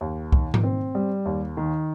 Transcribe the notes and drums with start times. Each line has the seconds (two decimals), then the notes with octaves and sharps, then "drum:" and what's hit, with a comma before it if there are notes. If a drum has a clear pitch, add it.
0.01 D#2
0.32 D#3, drum: kick C2
0.54 drum: tom G#2
0.64 C4
0.95 G3
1.25 D#2
1.57 D#3